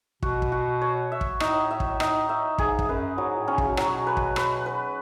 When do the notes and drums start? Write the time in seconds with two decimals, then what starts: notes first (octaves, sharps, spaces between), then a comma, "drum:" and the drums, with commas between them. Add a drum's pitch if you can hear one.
0.22 B2 F#4, drum: kick
0.42 drum: kick
0.52 F#4
0.81 C#5
1.12 E5
1.21 drum: kick
1.40 A2 D#4, drum: rim click
1.71 E5
1.80 drum: kick
2.00 D#4, drum: rim click
2.29 E5
2.58 G#2 G#4, drum: kick
2.79 drum: kick
2.89 F#2 B4
3.18 G#2 F#3
3.38 A2
3.48 C#4
3.58 C#3, drum: kick
3.68 B2
3.77 A2 F#3, drum: rim click
3.87 B2
4.07 B4
4.17 drum: kick
4.36 B4, drum: rim click
4.66 B4